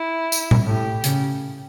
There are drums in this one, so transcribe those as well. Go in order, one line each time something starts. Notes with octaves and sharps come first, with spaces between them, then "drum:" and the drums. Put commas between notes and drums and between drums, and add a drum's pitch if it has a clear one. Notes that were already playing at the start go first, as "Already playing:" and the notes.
Already playing: E4
drum: tambourine
drum: tom A#2
A2 G4
C#3, drum: hi-hat